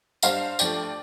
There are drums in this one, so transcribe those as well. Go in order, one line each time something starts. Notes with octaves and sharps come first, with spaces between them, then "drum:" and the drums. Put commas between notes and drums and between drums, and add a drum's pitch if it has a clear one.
G2 G3 C5 F5, drum: tambourine
G2 F3 A3 D5 G5, drum: tambourine